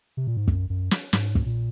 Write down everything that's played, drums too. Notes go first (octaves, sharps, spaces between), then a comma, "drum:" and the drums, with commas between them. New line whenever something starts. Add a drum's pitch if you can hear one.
C3
A#2
G#2
F#2, drum: kick
F#2
drum: snare
G#2, drum: snare
drum: kick
A#2